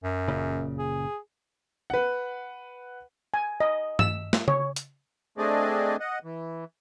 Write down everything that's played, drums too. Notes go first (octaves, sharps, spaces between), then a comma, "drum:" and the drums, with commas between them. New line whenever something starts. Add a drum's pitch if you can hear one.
F#2
F#1 A#2 C#3
G#4
B4 F#5
G#5
D#5
E6, drum: tom G2
drum: snare
C#5, drum: tom C#3
drum: hi-hat
A3 C4 D4 G#4 D5 D#5
D#5 F#5
E3